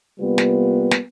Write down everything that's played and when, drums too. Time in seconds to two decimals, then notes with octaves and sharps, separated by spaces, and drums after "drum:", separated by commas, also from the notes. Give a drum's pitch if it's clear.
0.20 C3 G3 A#3 B3 F4 B4
0.38 drum: snare
0.91 drum: snare